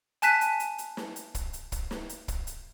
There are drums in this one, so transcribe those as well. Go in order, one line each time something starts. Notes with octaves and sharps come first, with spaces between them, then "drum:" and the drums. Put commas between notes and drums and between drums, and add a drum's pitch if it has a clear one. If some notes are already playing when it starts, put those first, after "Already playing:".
G#5 A5 F#6 B6 D#7, drum: hi-hat
drum: hi-hat
drum: hi-hat
drum: hi-hat
drum: snare
drum: hi-hat
drum: kick, hi-hat
drum: hi-hat
drum: kick, hi-hat
drum: snare
drum: hi-hat
drum: kick, hi-hat
drum: hi-hat